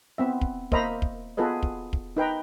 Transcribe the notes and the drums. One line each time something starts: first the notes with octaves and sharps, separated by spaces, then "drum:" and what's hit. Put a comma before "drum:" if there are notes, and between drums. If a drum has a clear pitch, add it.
B3 C4 E5
drum: kick
A#3 C5 D#5 E5 A#5 B5, drum: kick
drum: kick
B3 F4 G#4 A4 B4 D#5
drum: kick
drum: kick
D#4 B4 G5 A#5